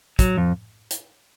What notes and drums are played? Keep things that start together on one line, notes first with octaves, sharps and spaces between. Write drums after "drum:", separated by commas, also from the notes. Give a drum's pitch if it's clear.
F#3, drum: kick, hi-hat
F2
drum: hi-hat